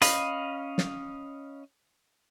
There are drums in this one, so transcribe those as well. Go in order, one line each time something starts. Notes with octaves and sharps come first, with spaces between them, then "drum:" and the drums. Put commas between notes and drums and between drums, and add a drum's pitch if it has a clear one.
C#4 D#5 F5 B5, drum: hi-hat
drum: snare